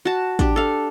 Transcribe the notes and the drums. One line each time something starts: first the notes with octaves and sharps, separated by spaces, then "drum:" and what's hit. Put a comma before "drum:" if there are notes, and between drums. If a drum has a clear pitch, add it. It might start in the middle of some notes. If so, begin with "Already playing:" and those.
F#4 A5
D4 G4, drum: kick, hi-hat
A4 F5